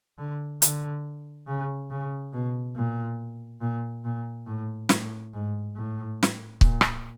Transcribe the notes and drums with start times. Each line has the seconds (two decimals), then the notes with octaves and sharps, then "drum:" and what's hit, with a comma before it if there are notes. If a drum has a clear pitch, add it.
0.18 D3
0.62 D3, drum: hi-hat
1.47 C#3
1.90 C#3
2.33 B2
2.76 A#2
3.61 A#2
4.04 A#2
4.47 A2
4.89 A2, drum: snare
5.33 G#2
5.76 A2
6.23 drum: snare
6.61 A#2, drum: kick C#1
6.81 drum: rim click